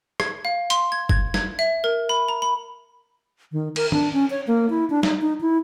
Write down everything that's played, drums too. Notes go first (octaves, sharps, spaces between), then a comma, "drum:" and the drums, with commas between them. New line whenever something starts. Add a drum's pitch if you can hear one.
G#6, drum: rim click
F5
C6, drum: hi-hat
G#6
G#6, drum: kick F#1
G#6, drum: snare
E5
A#4
B5
A#5
B5
D#3
A#4, drum: cymbal
D4, drum: tom D#3
C#4
C#5
A#3
E4
D4
D#4, drum: snare
D#4
E4